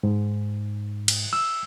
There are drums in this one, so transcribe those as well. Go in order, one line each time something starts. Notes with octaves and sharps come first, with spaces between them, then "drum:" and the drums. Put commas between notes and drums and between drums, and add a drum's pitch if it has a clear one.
G#2
drum: cymbal
E6